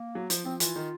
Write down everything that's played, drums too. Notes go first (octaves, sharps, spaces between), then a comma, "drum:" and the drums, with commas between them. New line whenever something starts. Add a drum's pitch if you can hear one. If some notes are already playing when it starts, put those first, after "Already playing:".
Already playing: A#3
F#3
F3, drum: hi-hat
F3 C4
E3 F4, drum: hi-hat
D#3